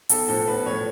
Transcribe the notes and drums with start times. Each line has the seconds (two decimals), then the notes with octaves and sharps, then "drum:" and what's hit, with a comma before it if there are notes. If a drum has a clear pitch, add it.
0.09 B1 A4, drum: hi-hat
0.28 A2 F3 A4
0.47 B1 B4
0.66 A2 F3 C#5